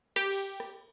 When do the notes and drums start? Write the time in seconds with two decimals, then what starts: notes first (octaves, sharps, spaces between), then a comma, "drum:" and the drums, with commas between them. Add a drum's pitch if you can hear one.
0.16 G4, drum: rim click
0.31 drum: cymbal
0.60 drum: rim click